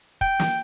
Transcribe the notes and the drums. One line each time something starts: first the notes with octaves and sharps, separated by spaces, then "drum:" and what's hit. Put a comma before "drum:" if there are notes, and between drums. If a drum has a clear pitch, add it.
G5, drum: kick
drum: snare